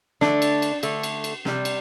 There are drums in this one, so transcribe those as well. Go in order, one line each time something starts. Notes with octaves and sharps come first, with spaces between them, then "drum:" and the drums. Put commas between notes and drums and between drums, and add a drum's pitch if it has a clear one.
D3 A3 D4, drum: snare
drum: cymbal
drum: cymbal
D3 A3, drum: cymbal
drum: cymbal
drum: cymbal
C3 G3, drum: snare
drum: cymbal